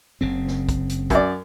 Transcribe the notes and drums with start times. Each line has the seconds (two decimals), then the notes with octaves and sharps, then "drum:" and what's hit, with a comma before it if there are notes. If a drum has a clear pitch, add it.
0.21 F#1 C#3 C4
0.48 drum: snare
0.69 drum: kick, hi-hat
0.89 drum: hi-hat
1.10 F#2 D5, drum: kick, hi-hat